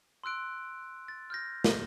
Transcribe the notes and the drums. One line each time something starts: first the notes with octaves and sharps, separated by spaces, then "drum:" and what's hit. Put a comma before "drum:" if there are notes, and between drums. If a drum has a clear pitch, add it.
C6 E6 F#6 D7
A6
F6 G6 A#6
drum: snare